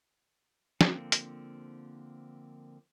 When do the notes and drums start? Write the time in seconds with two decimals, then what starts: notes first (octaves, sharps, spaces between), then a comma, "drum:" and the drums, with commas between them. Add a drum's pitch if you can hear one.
0.81 D3 F3 A#3 C4, drum: snare
1.12 drum: hi-hat